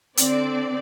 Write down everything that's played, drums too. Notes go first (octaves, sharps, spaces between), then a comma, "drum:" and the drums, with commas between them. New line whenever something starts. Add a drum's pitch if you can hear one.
D3 C4 D5, drum: hi-hat